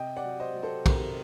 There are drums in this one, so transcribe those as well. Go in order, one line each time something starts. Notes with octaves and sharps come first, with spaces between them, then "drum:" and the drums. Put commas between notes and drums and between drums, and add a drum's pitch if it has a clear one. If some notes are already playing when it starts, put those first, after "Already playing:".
Already playing: C3 D#5 G5
D5 F#5
F#3
C5 D#5
F#3
A4 C5
C3 G4 A#4, drum: kick, cymbal